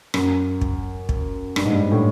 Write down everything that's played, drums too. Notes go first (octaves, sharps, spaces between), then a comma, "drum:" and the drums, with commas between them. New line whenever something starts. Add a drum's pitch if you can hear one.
F#2, drum: rim click
drum: kick
drum: kick
G2, drum: rim click
G#2
G2
A2